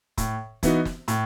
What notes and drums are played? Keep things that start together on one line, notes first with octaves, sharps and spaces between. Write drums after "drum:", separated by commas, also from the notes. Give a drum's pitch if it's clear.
A2, drum: kick, hi-hat
E3 B3 D#4 F#4, drum: kick, hi-hat
drum: snare
A2, drum: hi-hat